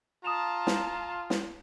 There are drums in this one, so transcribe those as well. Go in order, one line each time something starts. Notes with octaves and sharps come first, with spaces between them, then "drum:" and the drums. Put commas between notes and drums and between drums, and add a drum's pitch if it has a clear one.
F4 A5 A#5 D#6 E7 F7
drum: snare
drum: snare